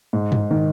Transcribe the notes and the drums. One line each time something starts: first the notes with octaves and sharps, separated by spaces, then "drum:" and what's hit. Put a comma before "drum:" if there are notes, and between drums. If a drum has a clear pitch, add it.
G#2
drum: tom
D#3